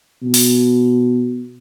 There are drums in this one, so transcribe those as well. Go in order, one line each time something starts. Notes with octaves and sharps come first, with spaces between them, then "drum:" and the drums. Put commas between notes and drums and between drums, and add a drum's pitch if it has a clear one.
B2
drum: open hi-hat